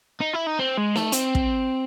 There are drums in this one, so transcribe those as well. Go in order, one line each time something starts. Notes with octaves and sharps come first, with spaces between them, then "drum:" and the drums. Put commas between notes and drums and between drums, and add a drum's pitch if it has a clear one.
D#4
E4
D#4
C4
G#3
A3, drum: snare
C4, drum: hi-hat
drum: kick